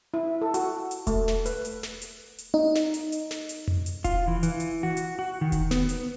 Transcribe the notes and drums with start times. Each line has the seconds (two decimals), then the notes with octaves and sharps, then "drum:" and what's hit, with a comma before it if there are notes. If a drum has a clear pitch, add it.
0.14 E4
0.42 A4
0.54 F#4, drum: hi-hat
0.91 drum: hi-hat
1.07 A3, drum: kick E1, hi-hat
1.28 drum: snare
1.46 B4, drum: hi-hat
1.65 drum: hi-hat
1.83 drum: snare
2.02 drum: hi-hat
2.38 drum: hi-hat
2.54 D#4
2.75 drum: snare
2.94 drum: hi-hat
3.12 drum: hi-hat
3.31 drum: snare
3.49 drum: hi-hat
3.68 drum: tom F2
3.86 drum: hi-hat
4.04 F4, drum: kick E1, hi-hat
4.27 E3
4.43 E3, drum: hi-hat
4.60 drum: hi-hat
4.83 F#4
4.97 drum: hi-hat
5.19 F#4
5.41 D#3
5.52 drum: kick E1, hi-hat
5.71 B3, drum: snare
5.89 drum: hi-hat